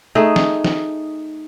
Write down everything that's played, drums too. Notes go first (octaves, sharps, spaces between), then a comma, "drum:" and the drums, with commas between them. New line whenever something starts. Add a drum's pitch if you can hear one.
A3 D#4 G#4
drum: snare
drum: snare